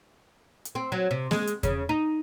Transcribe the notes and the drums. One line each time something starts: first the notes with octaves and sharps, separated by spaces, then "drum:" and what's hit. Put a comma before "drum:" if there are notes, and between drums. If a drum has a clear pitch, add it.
drum: hi-hat
C4
F#3
C3
G#3, drum: snare A#3
drum: hi-hat
C#3, drum: kick E2, hi-hat
D#4